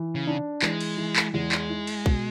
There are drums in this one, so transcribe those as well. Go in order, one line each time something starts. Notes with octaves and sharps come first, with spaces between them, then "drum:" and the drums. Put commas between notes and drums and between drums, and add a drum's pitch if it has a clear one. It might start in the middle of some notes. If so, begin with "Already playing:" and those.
Already playing: E3
C#3
D4
E3 G#3, drum: clap
drum: cymbal
E3
drum: clap
E2 G#3
drum: clap
E4
drum: cymbal
B2, drum: kick